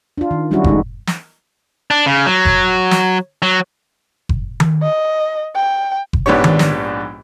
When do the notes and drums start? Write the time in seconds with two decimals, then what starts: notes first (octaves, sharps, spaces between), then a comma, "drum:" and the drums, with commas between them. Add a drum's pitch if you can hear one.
0.18 D4 F4
0.31 D#3
0.51 F#3 G3 C#4 D4 E4 F#4
0.64 D#3 G#3 A3 D#4, drum: kick F#1
1.07 drum: snare
1.91 D4
2.06 C#3
2.26 F#3
2.45 drum: kick F#1
2.91 drum: snare
3.42 F#3
4.29 drum: kick F#1
4.60 drum: tom D#3
4.83 D#5
5.55 G5
6.13 drum: kick F#1
6.26 A#1 G#2 B3 D4 G4 C#5
6.44 drum: tom D#3
6.59 drum: snare